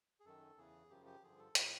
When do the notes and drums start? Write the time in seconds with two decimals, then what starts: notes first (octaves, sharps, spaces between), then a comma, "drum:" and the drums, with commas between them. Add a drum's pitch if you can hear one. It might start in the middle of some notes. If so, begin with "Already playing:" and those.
0.20 G#4
0.25 F#2 D#3 A4
0.57 E2 C#3 E3 G#4
0.90 F#2 C#3 F3 G4
1.06 G4
1.23 G2 D3 F3 G#4
1.39 A4
1.55 A2 F3 G#4, drum: hi-hat